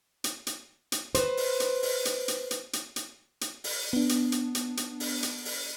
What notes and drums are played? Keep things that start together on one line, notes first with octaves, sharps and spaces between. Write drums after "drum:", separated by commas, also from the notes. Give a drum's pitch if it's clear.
drum: hi-hat
drum: hi-hat
drum: hi-hat
B4 C5, drum: hi-hat
drum: open hi-hat
drum: hi-hat
drum: open hi-hat
drum: hi-hat
drum: hi-hat
drum: hi-hat
drum: hi-hat
drum: hi-hat
drum: hi-hat
drum: open hi-hat
B3 D4
drum: hi-hat
drum: hi-hat
drum: hi-hat
drum: hi-hat
drum: open hi-hat
drum: hi-hat
drum: open hi-hat